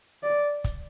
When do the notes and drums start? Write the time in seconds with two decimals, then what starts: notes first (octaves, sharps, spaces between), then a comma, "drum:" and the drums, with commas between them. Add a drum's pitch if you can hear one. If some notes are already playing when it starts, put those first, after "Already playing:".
0.23 D5
0.64 drum: kick, hi-hat